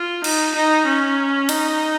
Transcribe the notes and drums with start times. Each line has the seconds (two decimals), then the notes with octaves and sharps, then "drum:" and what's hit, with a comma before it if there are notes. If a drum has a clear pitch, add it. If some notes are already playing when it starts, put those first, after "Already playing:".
Already playing: F4
0.24 D#4, drum: cymbal
0.55 D#4
0.86 C#4
1.49 D#4, drum: cymbal